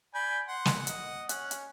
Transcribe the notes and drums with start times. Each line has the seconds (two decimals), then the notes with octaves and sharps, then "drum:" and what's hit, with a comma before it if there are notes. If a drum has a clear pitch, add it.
0.15 D5 G#5 B5 G6
0.48 F#5 C6
0.65 drum: snare
0.87 D#5, drum: hi-hat
1.29 C#4 F#6, drum: hi-hat
1.51 drum: hi-hat